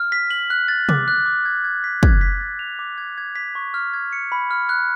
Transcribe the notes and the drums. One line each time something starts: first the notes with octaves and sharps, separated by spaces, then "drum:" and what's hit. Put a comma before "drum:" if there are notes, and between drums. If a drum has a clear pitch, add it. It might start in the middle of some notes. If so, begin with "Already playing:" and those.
Already playing: F6
B6
F#7
F#6
A6
D6, drum: tom C3
F#6
D6
G#6
G#6
B6
G#6, drum: kick
B6
A6
F7
D6
G#6
G#6
B6
C#6
F6
G#6
C#7
B5
F6
F#6